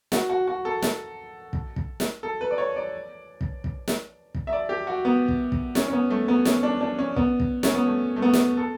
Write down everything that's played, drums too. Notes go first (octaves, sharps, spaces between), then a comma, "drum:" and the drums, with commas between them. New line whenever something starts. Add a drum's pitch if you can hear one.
F#4, drum: snare
F#4
F#4
A4
drum: snare
drum: kick
drum: kick
drum: snare
A4
B4
D5
C#5
D5
drum: kick
drum: kick
drum: snare
drum: kick
E5
D5
G4
F#4
B3
drum: kick
drum: kick
C#4, drum: snare
C#4
B3
A3
B3
C#4, drum: snare
D4
D4
C#4
B3, drum: kick
drum: kick
C#4, drum: snare
B3
A3
A3
B3
drum: snare
A4